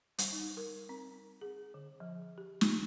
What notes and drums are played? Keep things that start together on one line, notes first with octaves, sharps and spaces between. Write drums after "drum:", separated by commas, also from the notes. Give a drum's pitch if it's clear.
G3, drum: hi-hat
D#4
A#4
C4
G#4
D3
F3
G4
drum: snare